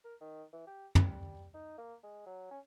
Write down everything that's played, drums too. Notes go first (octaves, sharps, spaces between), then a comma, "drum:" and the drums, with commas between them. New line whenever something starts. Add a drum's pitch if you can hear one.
A#4
D#3
E3
G4
G3, drum: tom
D#4
A#3
G#3
F#3
C#4